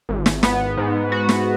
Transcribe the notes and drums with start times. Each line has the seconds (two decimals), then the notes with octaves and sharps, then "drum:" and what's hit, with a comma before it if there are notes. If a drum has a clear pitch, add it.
0.09 G#1
0.26 drum: snare
0.43 B3, drum: snare
0.77 G#2
1.12 F#4
1.29 drum: snare